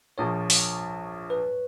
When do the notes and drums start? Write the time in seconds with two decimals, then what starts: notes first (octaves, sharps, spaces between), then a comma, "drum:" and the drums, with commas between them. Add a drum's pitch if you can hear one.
0.18 A#1 A#2 F3 C#5
0.50 drum: open hi-hat
1.30 B4